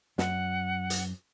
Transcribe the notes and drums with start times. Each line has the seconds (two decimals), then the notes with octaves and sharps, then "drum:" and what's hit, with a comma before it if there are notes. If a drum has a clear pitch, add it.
0.18 F#2 F#5, drum: snare
0.90 drum: hi-hat